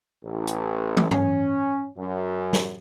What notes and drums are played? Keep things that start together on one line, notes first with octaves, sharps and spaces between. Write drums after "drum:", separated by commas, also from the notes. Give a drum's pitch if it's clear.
A1
drum: hi-hat
drum: tom
C#4, drum: tom G2
F#2
drum: snare